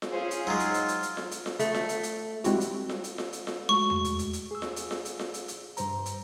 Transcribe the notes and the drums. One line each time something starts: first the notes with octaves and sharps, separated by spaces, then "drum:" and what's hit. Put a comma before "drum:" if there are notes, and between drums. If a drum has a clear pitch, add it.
drum: snare F4
C#4 F4 G#4 C5
drum: hi-hat
F#3 G#3 D#4 F4
drum: hi-hat
drum: hi-hat
drum: hi-hat
drum: hi-hat
drum: snare F4
drum: hi-hat
drum: snare F4
A3, drum: hi-hat
drum: snare F4
drum: hi-hat
drum: hi-hat
G3 G#3 C4 E4 F#4 G4, drum: hi-hat
drum: hi-hat
drum: snare F4
drum: hi-hat
drum: snare F4
drum: hi-hat
drum: snare F4
G#3 A3 F#4 C#6
drum: tom E2
drum: hi-hat
drum: hi-hat
drum: hi-hat
G#4 E6
drum: snare F4
drum: hi-hat
drum: snare F4
drum: hi-hat
drum: snare F4
drum: hi-hat
drum: hi-hat
G2 C5 A#5, drum: hi-hat
drum: hi-hat